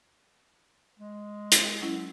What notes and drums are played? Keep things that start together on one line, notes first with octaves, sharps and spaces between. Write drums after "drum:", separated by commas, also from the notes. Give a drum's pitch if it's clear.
G#3
drum: hi-hat
F#3 C#4 E4